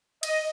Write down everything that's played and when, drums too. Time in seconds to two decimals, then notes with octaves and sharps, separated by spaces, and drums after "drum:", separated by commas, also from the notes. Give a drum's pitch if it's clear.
0.23 D#5, drum: cymbal